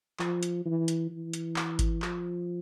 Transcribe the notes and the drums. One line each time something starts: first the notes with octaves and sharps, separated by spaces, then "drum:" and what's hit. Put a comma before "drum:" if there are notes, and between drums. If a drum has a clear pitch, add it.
F3, drum: clap
drum: hi-hat
E3
drum: hi-hat
E3
drum: hi-hat
drum: clap
drum: kick G#1, hi-hat
F3, drum: clap